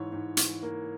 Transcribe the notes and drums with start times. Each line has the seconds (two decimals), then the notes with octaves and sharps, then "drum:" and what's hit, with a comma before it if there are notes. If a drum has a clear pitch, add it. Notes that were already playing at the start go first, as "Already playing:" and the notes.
Already playing: G#2 E3 C#5
0.13 G#2
0.37 E3, drum: hi-hat
0.63 A#3